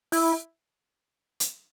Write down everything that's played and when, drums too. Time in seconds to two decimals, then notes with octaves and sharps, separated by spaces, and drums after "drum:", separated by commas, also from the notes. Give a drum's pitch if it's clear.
0.12 E4, drum: open hi-hat
1.40 drum: hi-hat